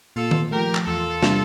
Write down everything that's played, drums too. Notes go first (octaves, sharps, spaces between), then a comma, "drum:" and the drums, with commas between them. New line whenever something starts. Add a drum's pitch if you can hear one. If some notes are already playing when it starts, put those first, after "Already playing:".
A#2 F4 A4
drum: tom D#3
F3 A3 G4 A#4
drum: clap
E2 F4 A4
C3 G3 D4, drum: snare